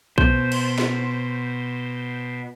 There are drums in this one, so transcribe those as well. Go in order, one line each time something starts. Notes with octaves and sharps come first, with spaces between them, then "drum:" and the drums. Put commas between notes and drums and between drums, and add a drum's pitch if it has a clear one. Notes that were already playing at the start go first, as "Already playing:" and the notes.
B2 C5, drum: kick A#1
drum: cymbal
drum: snare